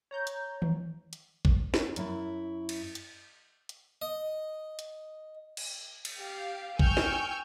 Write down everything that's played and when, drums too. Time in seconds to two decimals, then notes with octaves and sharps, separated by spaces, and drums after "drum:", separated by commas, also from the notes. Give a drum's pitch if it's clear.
0.11 C#5 A#5 G6
0.27 drum: hi-hat
0.62 drum: tom D#3
1.13 drum: hi-hat
1.45 drum: kick A1
1.74 drum: snare
1.96 F#2 E4, drum: hi-hat
2.69 drum: cymbal
2.95 drum: hi-hat
3.69 drum: hi-hat
4.02 D#5
4.79 drum: hi-hat
5.57 drum: cymbal
6.05 drum: cymbal
6.17 G4 F5
6.79 G5 G#5 C#6 E6 F6 G6, drum: kick A1
6.97 drum: snare